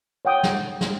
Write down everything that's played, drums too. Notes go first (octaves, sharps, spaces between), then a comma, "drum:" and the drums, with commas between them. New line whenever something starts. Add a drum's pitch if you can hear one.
C#5 F#5 G5 D#6
drum: snare
drum: snare